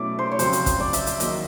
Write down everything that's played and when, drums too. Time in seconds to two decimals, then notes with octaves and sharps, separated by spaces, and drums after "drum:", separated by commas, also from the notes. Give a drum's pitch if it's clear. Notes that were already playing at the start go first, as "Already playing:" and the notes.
Already playing: B2 F#3 A3 C#4 E4 D5
0.19 C5
0.32 C#5
0.39 F2 C#3 F#3 C5, drum: hi-hat
0.53 drum: hi-hat
0.66 drum: kick, hi-hat
0.80 D5
0.93 E5, drum: hi-hat
1.07 E5, drum: hi-hat
1.20 D#3 F#3 A#3 D#5, drum: hi-hat
1.30 D5